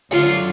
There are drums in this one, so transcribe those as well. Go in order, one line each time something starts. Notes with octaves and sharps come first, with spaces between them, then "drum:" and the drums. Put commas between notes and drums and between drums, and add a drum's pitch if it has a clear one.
F#2 D3 F#3 F4, drum: open hi-hat